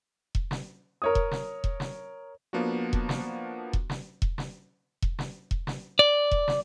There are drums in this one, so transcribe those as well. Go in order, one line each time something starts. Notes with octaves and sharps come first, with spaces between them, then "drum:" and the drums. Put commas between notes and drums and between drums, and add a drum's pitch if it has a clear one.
drum: kick E1
drum: snare
A#4 C#5 D#6
drum: kick E1
drum: snare
drum: kick E1
drum: snare
F3 A#3 B3 D4 F#4
drum: kick E1
drum: snare
drum: kick E1
drum: snare
drum: kick E1
drum: snare
drum: kick E1
drum: snare
drum: kick E1
drum: snare
D5
drum: kick E1
drum: snare